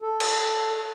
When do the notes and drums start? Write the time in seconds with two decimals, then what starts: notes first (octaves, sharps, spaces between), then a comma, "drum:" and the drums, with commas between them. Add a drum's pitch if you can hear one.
0.02 A4
0.20 drum: cymbal